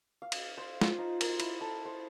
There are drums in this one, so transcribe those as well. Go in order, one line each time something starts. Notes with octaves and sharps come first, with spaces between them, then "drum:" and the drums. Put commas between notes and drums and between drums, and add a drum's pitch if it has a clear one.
F5
drum: cymbal
C5
F4, drum: snare
D#4
A#4, drum: cymbal
E4, drum: cymbal
A4
C5